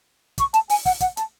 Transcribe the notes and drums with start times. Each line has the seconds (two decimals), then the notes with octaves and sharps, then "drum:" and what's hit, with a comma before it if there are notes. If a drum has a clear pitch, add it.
0.38 C#6, drum: kick, hi-hat
0.54 A5, drum: hi-hat
0.69 G#5, drum: open hi-hat
0.85 F#5, drum: kick, open hi-hat
1.00 F#5, drum: kick, hi-hat
1.17 A5, drum: hi-hat